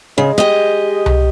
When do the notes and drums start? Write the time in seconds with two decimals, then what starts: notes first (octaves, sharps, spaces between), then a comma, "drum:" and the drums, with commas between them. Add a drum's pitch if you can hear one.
0.18 C#3 G#3
0.38 G4 D#5
1.06 drum: tom C2